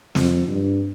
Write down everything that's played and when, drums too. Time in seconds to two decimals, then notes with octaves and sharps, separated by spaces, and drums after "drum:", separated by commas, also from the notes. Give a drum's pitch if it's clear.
0.15 F2, drum: snare
0.48 G2